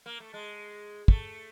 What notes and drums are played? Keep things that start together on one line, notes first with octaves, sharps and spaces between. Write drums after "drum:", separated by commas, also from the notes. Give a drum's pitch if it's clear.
A#3
A3
G#3
A3, drum: kick